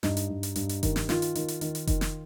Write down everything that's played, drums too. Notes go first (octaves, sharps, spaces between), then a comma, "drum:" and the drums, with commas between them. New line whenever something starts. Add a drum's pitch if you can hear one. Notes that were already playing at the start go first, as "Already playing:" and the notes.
G2 D#4, drum: snare
drum: hi-hat
G2
drum: hi-hat
G2, drum: hi-hat
drum: hi-hat
D#3, drum: kick F1, hi-hat
drum: snare
D#3 F4, drum: snare
drum: hi-hat
D#3, drum: hi-hat
drum: hi-hat
D#3, drum: hi-hat
drum: hi-hat
D#3, drum: kick F1, hi-hat
drum: snare